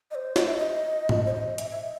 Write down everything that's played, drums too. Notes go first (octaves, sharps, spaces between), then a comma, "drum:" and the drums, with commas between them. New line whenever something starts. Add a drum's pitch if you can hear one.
D#5
C5
D#5, drum: snare
E5
D#5
drum: tom G#2
C5
D#5
E5, drum: hi-hat
E5
D#5